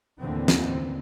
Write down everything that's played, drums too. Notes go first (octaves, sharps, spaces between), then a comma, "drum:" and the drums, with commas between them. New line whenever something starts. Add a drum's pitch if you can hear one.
D#2 A2 D3 E3 C4
drum: snare